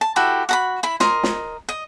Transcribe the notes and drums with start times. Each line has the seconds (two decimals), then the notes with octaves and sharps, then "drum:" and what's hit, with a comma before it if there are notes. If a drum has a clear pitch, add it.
0.01 A5
0.16 E4 F#4 G4 A4
0.49 F#4 A#5 B5
0.83 E4 B5
1.00 A#4 D#5 C6, drum: snare
1.23 drum: snare
1.69 D#5